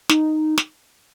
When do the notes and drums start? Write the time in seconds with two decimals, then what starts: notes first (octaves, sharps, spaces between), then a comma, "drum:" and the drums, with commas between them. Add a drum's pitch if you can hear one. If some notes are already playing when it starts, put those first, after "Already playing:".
0.09 D#4, drum: snare
0.58 drum: snare